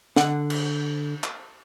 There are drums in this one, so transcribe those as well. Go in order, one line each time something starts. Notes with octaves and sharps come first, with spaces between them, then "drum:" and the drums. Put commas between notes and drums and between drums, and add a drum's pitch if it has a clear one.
D3 F#5, drum: snare
drum: cymbal
drum: clap